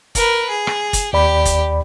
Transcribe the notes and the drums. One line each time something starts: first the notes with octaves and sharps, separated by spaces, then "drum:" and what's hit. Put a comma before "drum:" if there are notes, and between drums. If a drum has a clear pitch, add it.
A#4 B4, drum: kick, hi-hat
G#4
drum: rim click
drum: kick, hi-hat
D#2 G4 D5 B5
drum: kick, hi-hat